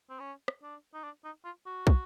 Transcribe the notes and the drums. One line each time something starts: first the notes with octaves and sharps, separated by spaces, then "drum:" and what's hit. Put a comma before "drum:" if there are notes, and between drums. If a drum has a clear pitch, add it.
C4
C#4
drum: rim click
D4
D#4
D4
D#4
F4
F#4
drum: kick